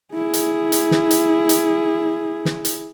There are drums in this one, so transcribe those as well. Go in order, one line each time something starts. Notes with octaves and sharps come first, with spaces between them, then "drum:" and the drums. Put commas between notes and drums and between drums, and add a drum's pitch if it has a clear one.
E4 G#4
drum: hi-hat
drum: hi-hat
drum: snare
drum: hi-hat
drum: hi-hat
drum: snare
drum: hi-hat